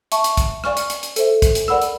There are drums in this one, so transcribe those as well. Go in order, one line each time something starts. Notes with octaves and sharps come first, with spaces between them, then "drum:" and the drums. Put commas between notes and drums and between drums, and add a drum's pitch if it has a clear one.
E5 A5 C#6, drum: hi-hat
drum: hi-hat
drum: kick, hi-hat
D5 F5 G#5 C#6 F6, drum: rim click
drum: hi-hat
drum: hi-hat
drum: hi-hat
A4 C5 E5, drum: hi-hat
drum: kick, hi-hat
drum: hi-hat
A#4 D5 F#5 B5 E6, drum: rim click
drum: hi-hat